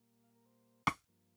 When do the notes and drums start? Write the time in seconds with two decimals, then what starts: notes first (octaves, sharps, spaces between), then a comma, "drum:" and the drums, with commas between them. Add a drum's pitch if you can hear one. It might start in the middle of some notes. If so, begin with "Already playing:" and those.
Already playing: A#2 G3 A#3
0.23 F5
0.36 A#4
0.45 C5
0.87 drum: rim click
1.08 G2 F3 A#3